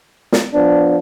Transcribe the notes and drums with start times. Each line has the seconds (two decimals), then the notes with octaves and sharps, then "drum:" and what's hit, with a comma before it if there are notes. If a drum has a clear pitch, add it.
0.32 drum: snare
0.54 F3 B3 D4